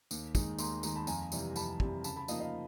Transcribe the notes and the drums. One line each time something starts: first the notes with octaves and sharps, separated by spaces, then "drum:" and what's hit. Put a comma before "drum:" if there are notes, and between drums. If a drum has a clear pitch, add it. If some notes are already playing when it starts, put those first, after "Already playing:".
D#2, drum: tambourine
D#3 G#3, drum: kick, tambourine
D#2 A#5 C6, drum: tambourine
D#3 G#3 A#5 C6, drum: tambourine
A5 B5
F2 G#5 A#5, drum: tambourine
C3 E3 G3, drum: tambourine
F2 A5 B5, drum: tambourine
C3 E3 G3, drum: kick
C#3 A5 B5, drum: tambourine
A5 B5
F3 A#3 D#4 D#5 F5, drum: tambourine
D#5 F5